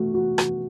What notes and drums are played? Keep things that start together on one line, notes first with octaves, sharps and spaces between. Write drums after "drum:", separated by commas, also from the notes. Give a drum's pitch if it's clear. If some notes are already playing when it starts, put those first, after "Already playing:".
Already playing: A3 F#4
F#4
F#4, drum: rim click